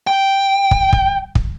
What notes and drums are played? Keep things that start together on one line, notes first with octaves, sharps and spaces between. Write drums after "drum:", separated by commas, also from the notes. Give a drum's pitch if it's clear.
G5
drum: kick
drum: kick
drum: kick